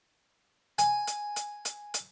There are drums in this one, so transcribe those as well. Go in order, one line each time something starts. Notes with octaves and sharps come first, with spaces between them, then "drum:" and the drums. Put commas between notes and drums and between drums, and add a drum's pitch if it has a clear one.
G#5, drum: hi-hat
drum: hi-hat
drum: hi-hat
drum: hi-hat
drum: hi-hat